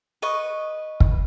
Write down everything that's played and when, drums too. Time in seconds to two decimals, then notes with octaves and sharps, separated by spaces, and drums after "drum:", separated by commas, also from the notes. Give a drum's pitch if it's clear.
0.22 B4 D#5 C#6
1.00 drum: kick